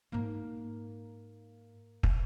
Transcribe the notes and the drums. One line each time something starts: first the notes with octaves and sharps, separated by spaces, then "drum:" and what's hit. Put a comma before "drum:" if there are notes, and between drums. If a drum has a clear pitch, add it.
G#2 A#3 D#4
drum: kick